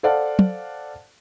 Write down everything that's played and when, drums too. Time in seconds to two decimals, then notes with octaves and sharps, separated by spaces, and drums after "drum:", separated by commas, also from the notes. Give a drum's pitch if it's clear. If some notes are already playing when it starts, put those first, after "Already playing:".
0.03 A4 C5 D5 F5 F#5 A5
0.39 drum: tom